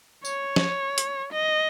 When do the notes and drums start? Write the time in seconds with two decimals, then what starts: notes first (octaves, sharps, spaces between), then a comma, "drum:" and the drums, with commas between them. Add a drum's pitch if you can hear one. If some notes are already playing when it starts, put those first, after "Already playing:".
0.25 C#5, drum: tambourine
0.56 drum: snare
0.98 drum: hi-hat
1.33 D#5